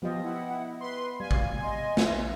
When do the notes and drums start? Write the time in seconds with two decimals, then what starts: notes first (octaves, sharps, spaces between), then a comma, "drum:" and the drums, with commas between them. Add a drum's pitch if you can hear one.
0.02 F3 B3 G4 D#5
0.24 E4 F#5
0.81 B4 C6
1.20 G3 F5 G#5
1.31 drum: kick A1
1.62 D#5 C6
1.97 drum: snare
2.10 A#1